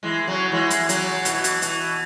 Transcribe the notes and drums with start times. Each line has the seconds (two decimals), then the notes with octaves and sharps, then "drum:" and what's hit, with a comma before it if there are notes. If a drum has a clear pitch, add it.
0.03 E3 G#3
0.28 C#3 F#3
0.52 E3 G#3
0.70 drum: hi-hat
0.89 C#3 F#3, drum: hi-hat
1.25 B2 E3, drum: hi-hat
1.44 drum: hi-hat
1.62 B2 E3, drum: hi-hat